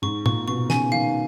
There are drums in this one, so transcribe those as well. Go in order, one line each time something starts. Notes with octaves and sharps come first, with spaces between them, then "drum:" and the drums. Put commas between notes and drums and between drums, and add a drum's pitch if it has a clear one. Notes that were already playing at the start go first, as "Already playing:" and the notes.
G#2 C#6
A#2 C#6, drum: tom
B2 C#6
C#3 G#5, drum: snare
D#3 F5